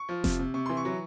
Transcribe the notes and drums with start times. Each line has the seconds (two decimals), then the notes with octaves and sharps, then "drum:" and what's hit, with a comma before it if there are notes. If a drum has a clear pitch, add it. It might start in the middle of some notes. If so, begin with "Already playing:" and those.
Already playing: C#6
0.09 F3
0.24 C3, drum: snare F1
0.39 C3
0.54 C3 C#6
0.66 E3 C6
0.77 C#6
0.85 F#3